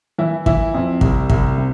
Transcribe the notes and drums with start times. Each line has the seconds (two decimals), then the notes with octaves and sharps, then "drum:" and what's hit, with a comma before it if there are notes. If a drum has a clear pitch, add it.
0.18 E3 E4
0.46 E3 E4, drum: kick
0.74 F2
1.01 C2, drum: kick
1.30 C2, drum: kick
1.58 C3